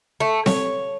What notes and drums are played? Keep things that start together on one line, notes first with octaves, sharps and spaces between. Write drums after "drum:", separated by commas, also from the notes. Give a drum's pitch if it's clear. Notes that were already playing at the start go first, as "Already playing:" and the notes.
A3
C#5, drum: snare C4